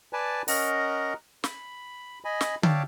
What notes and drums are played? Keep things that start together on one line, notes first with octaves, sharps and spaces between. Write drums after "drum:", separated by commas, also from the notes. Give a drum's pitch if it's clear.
B4 D5 G#5 A5
C#4 A#4 D#5 F#5 A#5, drum: open hi-hat
B5, drum: snare
D#5 G#5 B5
drum: snare
C#5 D5 E5 F5 G5 A5, drum: tom D3